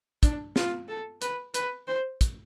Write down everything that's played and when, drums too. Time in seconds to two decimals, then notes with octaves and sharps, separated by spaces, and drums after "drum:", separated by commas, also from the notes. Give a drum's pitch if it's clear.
0.23 D4, drum: kick, hi-hat
0.56 F4, drum: snare
0.88 A4
1.22 B4, drum: hi-hat
1.54 B4, drum: hi-hat
1.88 C5
2.21 drum: kick, hi-hat